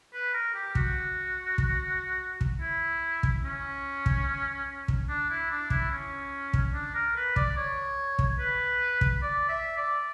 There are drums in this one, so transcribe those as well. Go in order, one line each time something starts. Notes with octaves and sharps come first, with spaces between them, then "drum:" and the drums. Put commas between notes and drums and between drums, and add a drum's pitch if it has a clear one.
B4
A#4
G4
F#4, drum: kick
drum: kick
drum: kick
E4
drum: kick
C#4
drum: kick
drum: kick
D4
E4
D4
E4, drum: kick
C#4
drum: kick
D4
A#4
B4
D5, drum: kick
C#5
drum: kick
B4
drum: kick
D5
E5
D5